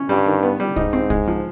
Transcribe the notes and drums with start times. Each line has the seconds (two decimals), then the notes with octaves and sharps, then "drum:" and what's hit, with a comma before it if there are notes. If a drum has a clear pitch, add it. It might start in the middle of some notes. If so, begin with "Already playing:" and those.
Already playing: C#4
0.09 G2 G3
0.26 D#3
0.43 B3
0.60 G3
0.76 G#2 D#4, drum: kick
0.93 C4
1.10 G#3, drum: kick
1.28 F3